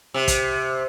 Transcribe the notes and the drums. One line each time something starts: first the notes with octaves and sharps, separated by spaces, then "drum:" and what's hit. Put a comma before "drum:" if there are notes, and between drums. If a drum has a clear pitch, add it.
C3
drum: kick, hi-hat